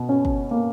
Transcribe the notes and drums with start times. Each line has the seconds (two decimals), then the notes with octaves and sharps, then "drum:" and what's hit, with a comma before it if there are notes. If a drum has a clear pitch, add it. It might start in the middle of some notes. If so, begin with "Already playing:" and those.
Already playing: B2
0.09 C#4
0.25 drum: kick
0.51 A#3